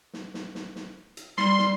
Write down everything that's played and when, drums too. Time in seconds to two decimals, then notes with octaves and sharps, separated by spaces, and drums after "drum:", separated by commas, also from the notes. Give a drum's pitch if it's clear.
0.13 drum: snare
0.34 drum: snare
0.55 drum: snare
0.76 drum: snare
1.17 drum: hi-hat
1.38 G3 C6, drum: snare
1.58 drum: snare